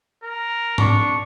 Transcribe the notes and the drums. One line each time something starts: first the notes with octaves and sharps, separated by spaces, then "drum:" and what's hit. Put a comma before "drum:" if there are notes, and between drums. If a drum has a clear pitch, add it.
A#4
D4 C#6, drum: tom G#2